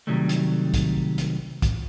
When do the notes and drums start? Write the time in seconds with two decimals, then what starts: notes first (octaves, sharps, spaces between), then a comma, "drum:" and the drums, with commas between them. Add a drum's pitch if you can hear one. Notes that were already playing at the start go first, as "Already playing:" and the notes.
0.07 C3 D#3 F#3 G3 A3
0.29 drum: hi-hat
0.74 drum: kick, hi-hat
1.18 drum: hi-hat
1.62 drum: kick, hi-hat